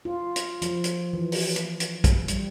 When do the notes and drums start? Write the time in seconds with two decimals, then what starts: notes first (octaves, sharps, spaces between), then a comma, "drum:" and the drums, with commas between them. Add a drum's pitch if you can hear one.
0.05 F4
0.36 drum: hi-hat
0.62 F3, drum: hi-hat
0.84 drum: hi-hat
1.13 E3
1.32 drum: open hi-hat
1.56 drum: hi-hat
1.80 drum: hi-hat
2.04 drum: kick, hi-hat
2.28 G3, drum: hi-hat